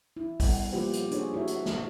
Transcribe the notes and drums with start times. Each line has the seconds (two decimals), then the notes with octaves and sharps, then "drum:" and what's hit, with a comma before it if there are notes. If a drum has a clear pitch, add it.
0.17 E4
0.40 G3 B3, drum: kick, open hi-hat
0.72 F3 A#3 F4 G4 B4 C5
0.93 drum: hi-hat
1.11 D4 D#4 G#4 C5 C#5, drum: hi-hat
1.33 E4 F#4 B4 C#5 E5
1.47 drum: hi-hat
1.66 drum: snare